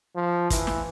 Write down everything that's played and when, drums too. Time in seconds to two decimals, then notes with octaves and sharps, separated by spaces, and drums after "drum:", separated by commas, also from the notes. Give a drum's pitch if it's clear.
0.16 F3
0.50 E3, drum: kick, hi-hat
0.67 drum: snare